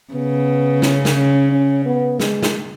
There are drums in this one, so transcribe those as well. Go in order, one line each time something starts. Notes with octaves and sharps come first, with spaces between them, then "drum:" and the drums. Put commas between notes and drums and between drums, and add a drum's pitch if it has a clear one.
C#3 B3
C#4, drum: snare
drum: snare
C#4
B3
G#3, drum: snare
drum: snare